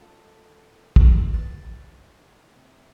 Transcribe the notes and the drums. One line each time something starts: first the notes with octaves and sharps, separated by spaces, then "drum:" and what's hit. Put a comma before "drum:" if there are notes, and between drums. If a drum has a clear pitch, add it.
F4 A4 D#5
drum: kick
D#3 B4 A6
C3